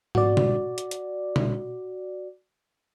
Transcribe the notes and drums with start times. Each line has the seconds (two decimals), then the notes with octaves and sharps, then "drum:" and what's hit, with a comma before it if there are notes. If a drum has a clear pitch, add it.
0.15 F#4 D5, drum: tom
0.37 drum: tom B2
0.78 drum: hi-hat
0.91 drum: hi-hat
1.36 drum: tom B2